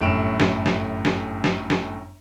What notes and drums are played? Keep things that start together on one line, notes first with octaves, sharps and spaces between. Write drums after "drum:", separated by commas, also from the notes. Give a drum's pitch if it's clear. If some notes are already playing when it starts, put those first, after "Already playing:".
G1 F#2 A2 D7 E7 F7
drum: snare
drum: snare
drum: snare
drum: snare
drum: snare